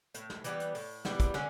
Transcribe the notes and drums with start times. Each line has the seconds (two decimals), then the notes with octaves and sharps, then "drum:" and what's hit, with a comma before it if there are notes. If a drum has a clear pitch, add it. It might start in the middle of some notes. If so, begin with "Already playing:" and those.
0.14 A2, drum: hi-hat
0.30 drum: snare
0.44 E3 G3 B3, drum: hi-hat
0.60 drum: hi-hat
0.75 A2, drum: open hi-hat
1.05 E3 G3 B3, drum: snare
1.20 drum: kick, hi-hat
1.34 D3 C#4, drum: snare